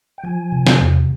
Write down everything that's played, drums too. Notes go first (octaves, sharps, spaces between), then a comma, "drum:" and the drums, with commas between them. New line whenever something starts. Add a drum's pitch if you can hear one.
G5
F3 G#5
C3
drum: snare
E2